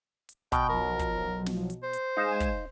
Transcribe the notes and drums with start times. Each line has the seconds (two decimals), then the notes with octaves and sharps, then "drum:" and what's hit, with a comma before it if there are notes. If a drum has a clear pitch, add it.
0.29 drum: hi-hat
0.52 B2 G5 F#6, drum: kick, hi-hat
0.69 B1 F3 F#3 A#4
0.99 drum: kick, hi-hat
1.46 drum: snare
1.70 drum: hi-hat
1.83 C5
1.93 drum: hi-hat
2.17 G#3 D#4 F5 G#5 E7
2.40 drum: kick, hi-hat